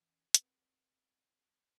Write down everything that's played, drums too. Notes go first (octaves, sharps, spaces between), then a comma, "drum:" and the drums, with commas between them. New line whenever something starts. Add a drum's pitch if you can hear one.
E3 C#4
C4 G#4 A#4 B4 F#5 G#5, drum: hi-hat